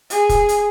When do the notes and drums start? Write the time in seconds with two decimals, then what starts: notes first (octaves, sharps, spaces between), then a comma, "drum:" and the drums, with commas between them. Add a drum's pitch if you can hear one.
0.10 G#4, drum: hi-hat
0.29 drum: kick, hi-hat
0.49 drum: hi-hat